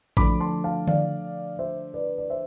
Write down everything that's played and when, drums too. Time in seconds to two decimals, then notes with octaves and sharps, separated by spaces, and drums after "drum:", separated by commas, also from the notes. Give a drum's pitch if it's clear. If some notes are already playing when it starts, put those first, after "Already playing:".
0.17 D3 F3 A3 D4 B5 D6, drum: kick A1
0.40 A5 C6
0.64 F5 A5
0.88 D5 F5, drum: tom D3
1.59 C5 E5
1.94 B4 D5
2.18 D5
2.30 C5 E5